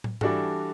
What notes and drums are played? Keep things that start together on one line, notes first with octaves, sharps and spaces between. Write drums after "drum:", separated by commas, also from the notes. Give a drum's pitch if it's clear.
drum: tom
E3 G3 D4 F#4 A4, drum: tom G#2